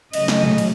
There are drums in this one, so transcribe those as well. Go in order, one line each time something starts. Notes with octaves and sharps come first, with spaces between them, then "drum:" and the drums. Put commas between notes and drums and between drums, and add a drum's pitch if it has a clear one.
C#3 F#3 A3 D#5, drum: cymbal
drum: snare
drum: tom
drum: cymbal